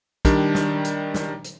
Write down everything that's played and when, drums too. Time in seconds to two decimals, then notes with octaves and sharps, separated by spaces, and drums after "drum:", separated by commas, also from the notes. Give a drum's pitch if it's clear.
0.25 D#3 G3 D4, drum: kick, hi-hat
0.55 drum: snare
0.84 drum: hi-hat
1.14 drum: snare
1.44 drum: hi-hat